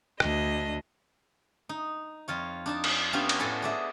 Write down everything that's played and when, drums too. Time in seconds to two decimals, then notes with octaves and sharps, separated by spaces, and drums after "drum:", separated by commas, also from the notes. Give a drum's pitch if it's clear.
0.20 D2 D4 D#5, drum: rim click
1.69 D#4
2.28 F2 F4 C#5
2.66 D4 D#4 A5
2.84 drum: cymbal
3.13 B3 C#4 D4 F4 G4 B4
3.29 drum: cymbal
3.39 A2 A4 F#5 G#5 B5
3.62 G#4 D5 E5